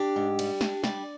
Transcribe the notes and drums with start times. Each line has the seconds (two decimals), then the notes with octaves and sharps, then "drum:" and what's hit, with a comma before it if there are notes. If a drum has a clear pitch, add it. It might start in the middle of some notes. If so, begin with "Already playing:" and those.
Already playing: D4 G4
0.16 G#2
0.39 G3, drum: cymbal
0.61 D4, drum: snare
0.84 G3 D5, drum: snare